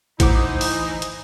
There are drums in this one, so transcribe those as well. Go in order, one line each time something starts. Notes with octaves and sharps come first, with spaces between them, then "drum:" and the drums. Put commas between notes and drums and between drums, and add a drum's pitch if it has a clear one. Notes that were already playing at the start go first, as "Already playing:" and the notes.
A2 E3 D#4 C5 F#5 D6, drum: kick, hi-hat
drum: open hi-hat
drum: hi-hat